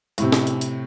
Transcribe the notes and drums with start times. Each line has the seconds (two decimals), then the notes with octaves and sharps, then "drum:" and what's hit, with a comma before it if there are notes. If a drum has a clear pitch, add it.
0.18 A2 C3, drum: hi-hat
0.32 drum: snare
0.47 drum: hi-hat
0.61 drum: hi-hat